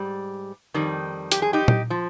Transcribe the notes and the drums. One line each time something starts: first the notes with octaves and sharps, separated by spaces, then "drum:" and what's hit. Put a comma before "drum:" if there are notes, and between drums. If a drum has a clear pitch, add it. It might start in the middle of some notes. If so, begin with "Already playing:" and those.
Already playing: G#2 G3
F2 D#3 G3
G4, drum: hi-hat
G#4
D#4 G4
drum: tom A#2
F3